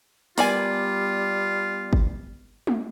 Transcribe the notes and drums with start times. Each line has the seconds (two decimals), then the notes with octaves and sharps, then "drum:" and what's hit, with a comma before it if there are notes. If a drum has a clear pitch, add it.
0.38 G3 B3 F4 A#4 D5 G#5, drum: open hi-hat
1.93 drum: kick
2.67 drum: tom G#3